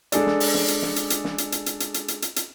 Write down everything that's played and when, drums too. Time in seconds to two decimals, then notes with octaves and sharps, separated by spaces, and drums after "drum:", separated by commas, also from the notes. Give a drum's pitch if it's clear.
0.12 G#3 D4 G#4 A4 D5, drum: hi-hat
0.26 drum: snare
0.40 drum: open hi-hat
0.54 drum: snare
0.68 drum: hi-hat
0.82 drum: snare
0.96 drum: hi-hat
1.10 drum: hi-hat
1.24 drum: snare
1.38 drum: hi-hat
1.52 drum: hi-hat
1.66 drum: hi-hat
1.80 drum: hi-hat
1.94 drum: hi-hat
2.08 drum: hi-hat
2.22 drum: hi-hat
2.36 drum: hi-hat